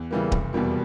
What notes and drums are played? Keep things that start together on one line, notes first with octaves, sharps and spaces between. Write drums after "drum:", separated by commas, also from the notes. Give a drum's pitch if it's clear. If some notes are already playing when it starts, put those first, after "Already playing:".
Already playing: E2
C#3 E3 G3 A#3
F1, drum: kick D1
E2 B2 G3 A#3